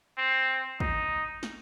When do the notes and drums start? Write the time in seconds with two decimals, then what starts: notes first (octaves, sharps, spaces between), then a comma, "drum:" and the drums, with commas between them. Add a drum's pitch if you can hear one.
0.18 C4
0.80 D#4, drum: kick
1.43 drum: snare